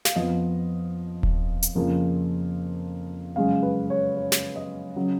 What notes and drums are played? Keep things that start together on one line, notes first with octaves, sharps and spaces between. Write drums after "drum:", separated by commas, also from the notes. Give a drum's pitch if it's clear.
F5, drum: snare
F2 F3 B3 D#5
drum: kick D#1
drum: hi-hat
F2 C#3 F3 A#3
F#2 C#3 G#3 F5
B4
C#5
C#5
drum: snare
D#5
C#3 F#3 C#4